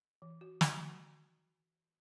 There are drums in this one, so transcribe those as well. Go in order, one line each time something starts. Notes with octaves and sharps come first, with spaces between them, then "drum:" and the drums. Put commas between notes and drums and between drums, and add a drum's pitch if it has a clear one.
E3
F#4
drum: snare